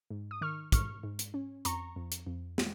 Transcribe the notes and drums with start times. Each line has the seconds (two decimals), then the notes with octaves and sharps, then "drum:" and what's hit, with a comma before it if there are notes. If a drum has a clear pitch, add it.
0.10 G#2
0.31 D#6
0.41 D#3 C#6 F6
0.72 G#2 C#6 F6, drum: kick, hi-hat
1.03 G#2
1.19 drum: hi-hat
1.34 C#4
1.65 F2 A#5 C#6, drum: hi-hat
1.96 F2
2.12 drum: hi-hat
2.27 F2
2.58 G#3, drum: snare